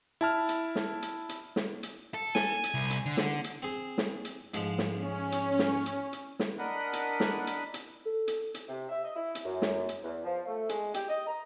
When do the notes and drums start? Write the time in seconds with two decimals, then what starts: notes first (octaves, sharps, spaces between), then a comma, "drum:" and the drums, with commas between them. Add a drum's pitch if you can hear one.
0.21 E4 A5 F6
0.49 drum: hi-hat
0.75 drum: snare
1.02 drum: hi-hat
1.29 drum: hi-hat
1.56 drum: snare
1.83 drum: hi-hat
2.14 A4
2.35 G#5, drum: snare
2.63 drum: hi-hat
2.74 C2
2.90 drum: hi-hat
3.06 D3
3.17 drum: snare
3.44 drum: hi-hat
3.62 C4 G#4
3.98 drum: snare
4.25 drum: hi-hat
4.54 G#2 F3 G#3, drum: hi-hat
4.78 drum: snare
5.02 C#4
5.32 drum: hi-hat
5.59 drum: snare
5.86 drum: hi-hat
6.13 drum: hi-hat
6.39 drum: snare
6.59 D4 A#4 D#5 F#5 B5
6.93 drum: hi-hat
7.20 drum: snare
7.47 drum: hi-hat
7.74 drum: hi-hat
8.05 A4
8.27 drum: hi-hat
8.54 drum: hi-hat
8.67 C3
8.89 E5
9.04 D#5
9.16 E4
9.35 drum: hi-hat
9.45 F#2
9.62 drum: snare
9.89 drum: hi-hat
10.03 E2
10.24 F3
10.47 A3
10.69 G#3, drum: hi-hat
10.94 G4, drum: hi-hat
11.09 D#5
11.27 A#5